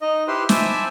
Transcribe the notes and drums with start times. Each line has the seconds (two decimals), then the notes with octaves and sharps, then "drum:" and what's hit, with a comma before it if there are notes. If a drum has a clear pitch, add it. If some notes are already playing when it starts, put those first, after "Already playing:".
0.02 D#4 D#5
0.28 E4 G4 B4 C5 G5 C6
0.49 C5 E5 G#5 A5 B5 D6, drum: snare